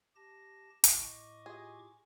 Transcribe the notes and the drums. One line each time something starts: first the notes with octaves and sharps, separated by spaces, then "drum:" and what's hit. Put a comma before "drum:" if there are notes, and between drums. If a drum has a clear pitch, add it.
G4 A5 A#6
drum: hi-hat
A2 D#5 C#6 D6
F4 G4 G#4 C6